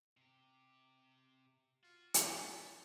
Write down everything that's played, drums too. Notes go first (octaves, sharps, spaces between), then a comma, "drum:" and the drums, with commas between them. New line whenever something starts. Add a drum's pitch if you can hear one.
C3 G4
F4 F#4
drum: hi-hat
G#3 A3 D4